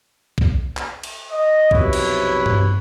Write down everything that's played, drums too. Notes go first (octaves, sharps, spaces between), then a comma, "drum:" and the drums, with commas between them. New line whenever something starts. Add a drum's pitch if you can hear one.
drum: kick B1
drum: clap
drum: cymbal
D#5
B1 F2 C3 E4 B4 C#5, drum: kick B1
drum: cymbal
drum: tom G2